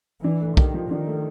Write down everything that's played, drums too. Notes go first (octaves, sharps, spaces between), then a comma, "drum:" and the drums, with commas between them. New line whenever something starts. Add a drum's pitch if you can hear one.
E3 D4
A3
D#3 G4, drum: kick B1
F3
D#3 D4
A3